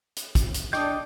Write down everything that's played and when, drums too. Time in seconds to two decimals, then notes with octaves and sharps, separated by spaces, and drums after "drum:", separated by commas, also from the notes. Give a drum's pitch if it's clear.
0.16 drum: hi-hat
0.35 drum: kick, hi-hat
0.54 drum: hi-hat
0.73 D4 D#5 G5 D6 D#6 G6, drum: rim click